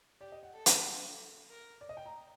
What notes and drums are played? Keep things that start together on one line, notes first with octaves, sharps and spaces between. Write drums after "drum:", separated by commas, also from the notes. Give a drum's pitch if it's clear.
G4 D5
D#5
F#5
A4
drum: hi-hat
A#4
D5
D#5
G5
A#5